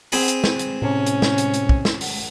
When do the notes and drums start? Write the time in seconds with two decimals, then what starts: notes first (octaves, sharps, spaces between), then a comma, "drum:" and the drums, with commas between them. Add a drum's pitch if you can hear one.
0.12 C4 G#4 B5, drum: open hi-hat
0.28 drum: hi-hat
0.44 drum: snare
0.59 drum: hi-hat
0.82 A2 C3 C#4
1.06 drum: hi-hat
1.22 drum: snare
1.38 drum: hi-hat
1.54 drum: hi-hat
1.69 drum: kick
1.85 drum: snare
2.01 drum: open hi-hat